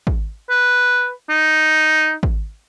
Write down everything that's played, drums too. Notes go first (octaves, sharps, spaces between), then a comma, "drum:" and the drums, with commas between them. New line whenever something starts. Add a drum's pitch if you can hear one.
drum: kick
B4
D#4
drum: kick